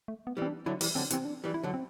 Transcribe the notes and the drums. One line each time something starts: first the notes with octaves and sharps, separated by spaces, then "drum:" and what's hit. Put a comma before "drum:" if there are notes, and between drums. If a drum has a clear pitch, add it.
A3
B3
E3 G3
C4
D4
D3 F#3 E4
E3 G3, drum: open hi-hat
D3 F#3 C4
C3 E3, drum: hi-hat
C4
D4
E3 G3
E4
D3 F#3
C4